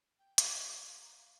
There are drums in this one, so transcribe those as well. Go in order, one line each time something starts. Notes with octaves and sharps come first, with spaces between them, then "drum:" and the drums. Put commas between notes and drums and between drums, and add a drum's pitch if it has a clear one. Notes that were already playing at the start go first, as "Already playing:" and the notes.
G5
G4, drum: hi-hat
D#5
F5
C6
A#5
F5